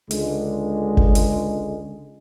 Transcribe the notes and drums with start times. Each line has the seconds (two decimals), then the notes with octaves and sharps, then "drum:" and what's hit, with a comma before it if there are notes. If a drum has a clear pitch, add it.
0.11 C#2 D3 G#3, drum: hi-hat
0.97 drum: kick G#1
1.15 drum: hi-hat